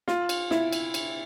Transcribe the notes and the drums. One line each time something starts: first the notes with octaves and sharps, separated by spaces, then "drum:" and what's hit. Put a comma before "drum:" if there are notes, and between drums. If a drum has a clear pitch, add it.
F4, drum: snare
drum: cymbal
E4, drum: snare
drum: cymbal
drum: cymbal